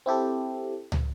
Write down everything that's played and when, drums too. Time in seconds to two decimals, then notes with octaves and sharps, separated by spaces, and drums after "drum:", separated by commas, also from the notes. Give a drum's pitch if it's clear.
0.06 C4 E4 G4 A4
0.92 drum: tom